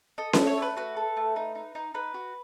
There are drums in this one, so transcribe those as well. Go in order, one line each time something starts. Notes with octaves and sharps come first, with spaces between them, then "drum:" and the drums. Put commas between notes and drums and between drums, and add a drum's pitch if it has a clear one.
A4 D#5
A3 D#5, drum: snare C#4
C#5
A3 B4
F#4 B4
A4
A3
D#4
D#4
D#4
D#4 B4
F#4